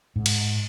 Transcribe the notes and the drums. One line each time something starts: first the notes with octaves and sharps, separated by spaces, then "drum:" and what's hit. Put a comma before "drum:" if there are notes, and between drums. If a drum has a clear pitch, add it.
G#2
drum: cymbal